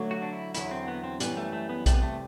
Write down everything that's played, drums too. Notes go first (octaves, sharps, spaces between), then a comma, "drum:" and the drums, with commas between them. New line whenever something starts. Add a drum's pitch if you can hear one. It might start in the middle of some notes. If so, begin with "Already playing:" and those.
Already playing: D3 F#3 A3
F#4
D4
E4
E2 D3 F#3 E4, drum: hi-hat
C4
B3
C4
F#2 E3 G3 B3, drum: hi-hat
A3
A3
B3
E2 C3 G3 A3, drum: kick, hi-hat
B3
A3